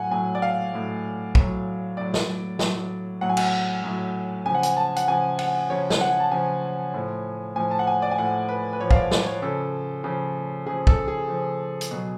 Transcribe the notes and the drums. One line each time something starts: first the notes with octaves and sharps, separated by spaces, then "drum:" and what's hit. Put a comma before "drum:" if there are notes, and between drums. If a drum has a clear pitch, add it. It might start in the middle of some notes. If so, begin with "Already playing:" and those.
Already playing: A2 F#3 F#5 G#5
A2 F#3 G#5
D5
F5
A2 F#3
A2 F#3, drum: kick
A2 F#3 D5
drum: snare
A2 F#3, drum: snare
A2 F#3 F#5
G#5
F#5, drum: cymbal
A2 F#3
C#3 F3 G#5
F#5
G#5, drum: hi-hat
A5
F#5, drum: hi-hat
C#3 F3 G#5
F#5, drum: cymbal
C#3 F3 C#5
drum: snare
F#5
A5
C#3 F3 G#5
A2 F3
A2 F3 G#5
A5
F#5
G#5
D5
G#5
A2 F3 F#5
B4
B4
A2 F3 C#5
F5, drum: kick
D5
D5, drum: snare
C#5
C#3 F3 A4
C#3 F3
C#3 F3 G#4
A4, drum: kick
G#4
C#3 F3
drum: hi-hat
B2 F#3